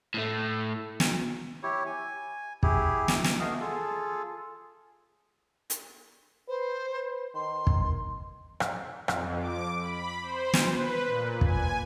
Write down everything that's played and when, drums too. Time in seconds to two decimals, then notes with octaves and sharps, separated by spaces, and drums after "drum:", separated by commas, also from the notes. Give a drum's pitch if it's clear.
0.14 A2 A3
1.00 drum: snare
1.63 E4 G4 C#5
1.86 G#5
2.63 E4 G4 G#4, drum: kick
3.08 drum: snare
3.24 drum: snare
3.39 A3 B3 D#5 F5
3.60 F4 G#4 A4
5.70 drum: hi-hat
6.48 B4 C5
6.93 B4
7.34 D#3 C6
7.67 drum: kick
8.60 drum: rim click
9.08 F2, drum: rim click
9.38 D6
9.81 B5
10.22 C5
10.53 drum: snare
10.66 B4
11.07 A#2
11.41 G#5, drum: kick